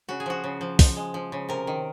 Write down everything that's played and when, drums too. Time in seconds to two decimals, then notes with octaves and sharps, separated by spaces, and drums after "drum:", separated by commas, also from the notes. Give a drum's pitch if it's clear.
0.09 C#3 F#4
0.20 G#4
0.26 F3 F#4
0.44 C#3
0.61 F3
0.79 F3, drum: kick, open hi-hat
0.97 G#3
1.14 F3
1.32 C#3
1.49 C3 A#4
1.67 D#3